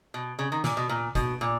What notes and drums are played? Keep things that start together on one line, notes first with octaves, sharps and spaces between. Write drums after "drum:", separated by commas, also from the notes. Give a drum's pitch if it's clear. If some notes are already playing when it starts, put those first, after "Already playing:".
B2
C#3
D#3
A#2, drum: snare
B2
A#2
B2, drum: kick, hi-hat
A#2